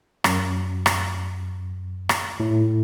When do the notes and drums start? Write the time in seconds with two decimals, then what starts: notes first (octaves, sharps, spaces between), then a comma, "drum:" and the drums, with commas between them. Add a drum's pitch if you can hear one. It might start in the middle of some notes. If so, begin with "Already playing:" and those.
0.24 F#2, drum: rim click
0.86 drum: rim click
2.09 drum: rim click
2.40 A2